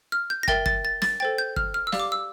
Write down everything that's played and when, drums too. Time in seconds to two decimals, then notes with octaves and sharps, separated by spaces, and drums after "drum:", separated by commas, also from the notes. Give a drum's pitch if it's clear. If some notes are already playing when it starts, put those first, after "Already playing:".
0.12 F6
0.30 G6
0.43 A#6
0.48 A#4 E5 G5 A6, drum: kick
0.66 A6, drum: kick
0.85 A6
1.02 A6, drum: snare
1.20 A4 C5 G5 A6
1.38 G6
1.56 F6, drum: kick
1.74 F6
1.87 E6
1.92 G4 D5 F5, drum: snare
2.00 D6
2.12 E6